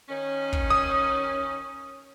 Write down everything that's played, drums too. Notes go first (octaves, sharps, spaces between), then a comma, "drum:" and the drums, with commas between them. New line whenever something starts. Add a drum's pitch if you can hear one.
D#3 C#4
drum: kick
D#6